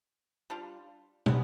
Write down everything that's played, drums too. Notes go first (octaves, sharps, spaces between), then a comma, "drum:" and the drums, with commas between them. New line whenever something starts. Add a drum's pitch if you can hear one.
G3 D4 F4
C3 D#3 G#3 B3, drum: tom